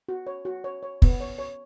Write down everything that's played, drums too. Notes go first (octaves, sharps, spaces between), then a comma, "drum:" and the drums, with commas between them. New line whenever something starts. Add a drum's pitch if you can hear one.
F#4
C#5
F#4
C#5
C#5
B3, drum: kick
C#5
C#5